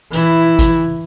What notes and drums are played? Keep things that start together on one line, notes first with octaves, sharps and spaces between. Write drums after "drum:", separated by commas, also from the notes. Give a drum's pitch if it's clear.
E3 E4, drum: hi-hat
drum: kick G#1, hi-hat